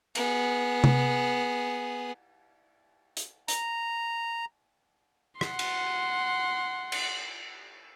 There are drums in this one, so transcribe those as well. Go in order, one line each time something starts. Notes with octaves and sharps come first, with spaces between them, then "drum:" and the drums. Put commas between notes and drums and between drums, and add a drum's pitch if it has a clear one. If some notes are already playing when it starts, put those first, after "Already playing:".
B3 G#4, drum: cymbal
drum: tom C3
drum: hi-hat
A#5, drum: hi-hat
F#5 C6, drum: rim click
drum: cymbal
drum: cymbal